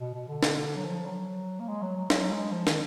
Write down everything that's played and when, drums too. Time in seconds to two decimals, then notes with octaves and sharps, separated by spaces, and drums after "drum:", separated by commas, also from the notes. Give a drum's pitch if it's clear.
0.01 B2
0.14 B2
0.29 D3
0.43 drum: snare
0.76 F#3
0.84 F3
1.06 F#3
1.60 A#3
1.69 G#3
1.82 F#3
1.97 F#3
2.10 F#3, drum: snare
2.31 G#3
2.52 F3
2.67 D#3, drum: snare